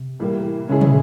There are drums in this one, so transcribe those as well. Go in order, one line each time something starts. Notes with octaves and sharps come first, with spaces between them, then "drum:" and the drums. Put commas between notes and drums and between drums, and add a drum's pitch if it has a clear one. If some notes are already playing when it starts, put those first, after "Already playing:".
Already playing: C3
A2 E3 G3 A#3
C#3 G#3 C#4 E4 G#4
drum: tom